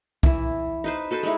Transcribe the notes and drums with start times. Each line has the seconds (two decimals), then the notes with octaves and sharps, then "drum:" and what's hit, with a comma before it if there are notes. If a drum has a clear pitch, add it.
0.23 E3 E4, drum: kick
0.84 D#4 B4 C5
1.11 F#4 A4 B4 C5
1.23 G#3 D#4 E4